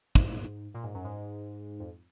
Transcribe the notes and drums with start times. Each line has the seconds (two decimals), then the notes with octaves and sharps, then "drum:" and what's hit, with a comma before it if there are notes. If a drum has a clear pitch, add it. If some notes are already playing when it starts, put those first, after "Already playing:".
0.15 G#2, drum: kick
0.74 A#2
0.83 G#2
0.94 F#2
1.04 G#2
1.80 F2